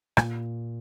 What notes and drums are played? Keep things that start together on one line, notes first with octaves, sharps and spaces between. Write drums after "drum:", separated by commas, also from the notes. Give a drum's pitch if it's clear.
A#2, drum: rim click